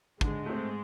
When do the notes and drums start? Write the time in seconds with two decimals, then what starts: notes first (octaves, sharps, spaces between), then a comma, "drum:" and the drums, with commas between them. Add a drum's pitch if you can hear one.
0.21 G#2 D3 G#3, drum: kick
0.46 A3 C4